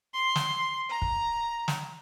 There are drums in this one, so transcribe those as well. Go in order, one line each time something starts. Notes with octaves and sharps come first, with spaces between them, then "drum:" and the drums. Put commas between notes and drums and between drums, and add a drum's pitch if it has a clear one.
C6
drum: snare
A#5
drum: kick
drum: snare